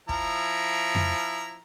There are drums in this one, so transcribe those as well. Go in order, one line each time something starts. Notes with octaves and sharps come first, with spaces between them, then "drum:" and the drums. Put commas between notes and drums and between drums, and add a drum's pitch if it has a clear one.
F3 E4 A#5, drum: kick
drum: tom F2